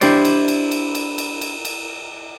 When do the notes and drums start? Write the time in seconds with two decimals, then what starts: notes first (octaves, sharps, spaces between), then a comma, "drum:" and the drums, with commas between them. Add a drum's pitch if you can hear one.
0.01 D4 E4 G4 C5 D5, drum: cymbal
0.25 drum: cymbal
0.48 drum: cymbal
0.71 drum: cymbal
0.95 drum: cymbal
1.18 drum: cymbal
1.41 drum: cymbal
1.65 drum: cymbal